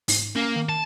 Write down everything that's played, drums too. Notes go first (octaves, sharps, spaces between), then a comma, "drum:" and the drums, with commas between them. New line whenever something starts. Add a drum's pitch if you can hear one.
G#2, drum: open hi-hat
A#3 C#4
D#3
A5